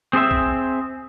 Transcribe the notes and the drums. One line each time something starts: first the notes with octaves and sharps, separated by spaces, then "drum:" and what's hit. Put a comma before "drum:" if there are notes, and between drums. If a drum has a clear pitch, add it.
C4 G#4 C5 E5
drum: kick B1